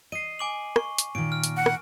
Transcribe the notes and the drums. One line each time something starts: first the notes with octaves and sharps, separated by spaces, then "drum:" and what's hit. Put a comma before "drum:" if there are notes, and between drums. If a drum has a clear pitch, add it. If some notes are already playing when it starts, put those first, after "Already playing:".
D#5 C7 D#7
G#5 D6 F#7
C#6, drum: rim click
drum: hi-hat
A#2 D#3 D7
F6
drum: hi-hat
F#5
drum: rim click